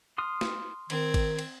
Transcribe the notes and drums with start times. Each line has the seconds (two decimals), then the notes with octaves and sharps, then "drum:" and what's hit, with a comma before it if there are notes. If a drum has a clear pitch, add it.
0.18 C6 D#6 F6
0.41 drum: snare
0.90 D#3 C4 G#6, drum: cymbal
1.14 drum: kick G#1, cymbal
1.39 drum: cymbal